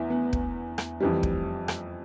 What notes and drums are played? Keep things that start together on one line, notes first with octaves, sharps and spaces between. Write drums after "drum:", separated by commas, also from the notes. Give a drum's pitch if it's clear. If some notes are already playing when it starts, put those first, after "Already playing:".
Already playing: E2 E4
B3
drum: kick
drum: rim click
F2 E3 G3
drum: kick
drum: rim click